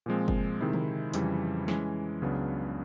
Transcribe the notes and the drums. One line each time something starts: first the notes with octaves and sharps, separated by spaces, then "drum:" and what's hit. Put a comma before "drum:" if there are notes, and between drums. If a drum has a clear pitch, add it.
A#2 F3 G#3 C4
drum: kick
C3 D#3 G#3 C4 E4
drum: tom D3
F2 C#3 E3 G3, drum: hi-hat
E3 G#3 C#4, drum: snare
C#2 C#3 F#3 B3 D4